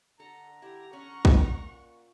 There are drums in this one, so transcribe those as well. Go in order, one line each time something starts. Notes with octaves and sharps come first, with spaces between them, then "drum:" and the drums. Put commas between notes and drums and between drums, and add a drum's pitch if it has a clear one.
D3 A4 A#5
E4 G4
C#4 F#5 C#6
drum: kick
A#2